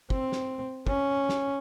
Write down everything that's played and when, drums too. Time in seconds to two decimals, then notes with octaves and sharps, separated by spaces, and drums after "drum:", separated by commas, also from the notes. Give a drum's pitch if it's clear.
0.10 C4, drum: kick
0.32 drum: snare
0.87 C#4, drum: kick
1.29 drum: snare